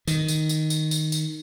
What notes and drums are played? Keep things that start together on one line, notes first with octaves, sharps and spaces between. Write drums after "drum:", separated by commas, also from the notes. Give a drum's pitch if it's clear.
D#3, drum: tambourine
drum: tambourine
drum: tambourine
drum: tambourine
drum: tambourine
drum: tambourine